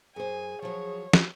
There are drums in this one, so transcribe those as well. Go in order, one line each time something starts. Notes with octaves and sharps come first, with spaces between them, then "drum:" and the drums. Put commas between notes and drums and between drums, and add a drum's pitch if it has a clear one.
F#2 G#4 C5 G#5
F3 F#3 C#5
drum: snare